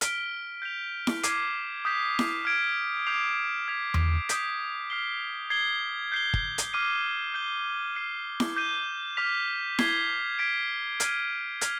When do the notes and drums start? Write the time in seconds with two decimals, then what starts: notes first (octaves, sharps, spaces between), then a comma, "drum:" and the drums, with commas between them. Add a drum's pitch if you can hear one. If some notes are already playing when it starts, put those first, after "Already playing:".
0.01 F6 B6 D7 G7, drum: hi-hat
0.62 G6 B6 F7
1.07 drum: snare E4
1.23 D6 F6 G#6 C7 D#7, drum: hi-hat
1.85 D#6 G6 B6
2.19 drum: snare E4
2.45 F6 G#6 D7
3.06 D6 G6 C7 F7
3.68 F6 G#6 B6 F7
3.94 drum: tom E2
4.29 D#6 G6 B6, drum: hi-hat
4.90 F6 C7 G7
5.50 G#6 C7 G7
6.12 G6 C7 G7
6.34 drum: kick
6.58 drum: hi-hat
6.73 D6 F6 C7 D#7
7.34 G6 C7 G7
7.96 F6 C7 D#7
8.40 drum: snare E4
8.56 D6 G6 C7 D#7 G7
9.17 D6 F6 B6 F7
9.79 G#6 C7 G7, drum: snare E4
10.39 G#6 B6 D7
11.00 F6 G#6 B6 D#7, drum: hi-hat
11.61 F6 G#6 B6 F7, drum: hi-hat